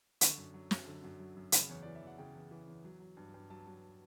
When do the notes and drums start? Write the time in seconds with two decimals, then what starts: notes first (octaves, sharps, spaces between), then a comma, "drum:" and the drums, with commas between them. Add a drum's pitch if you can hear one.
0.21 D3 C#6, drum: hi-hat
0.38 F#2
0.54 F#3
0.71 F#2, drum: snare
0.87 D3
1.04 F#2
1.20 F#3
1.36 F#2
1.52 C#3 B5, drum: hi-hat
1.69 E2 C#5
1.83 E3 D5
1.95 E5
2.02 E2 F#5
2.18 C#3 G5
2.34 E2
2.51 E3
2.68 E2
2.84 F#3
3.00 F#3
3.17 G2
3.34 G2
3.50 F#3 A5
3.67 F#3